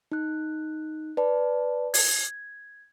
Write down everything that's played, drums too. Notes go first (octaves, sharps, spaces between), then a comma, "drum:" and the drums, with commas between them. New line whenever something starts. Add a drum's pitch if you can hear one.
D#4 F#6
B4 D5 A5
G#6, drum: open hi-hat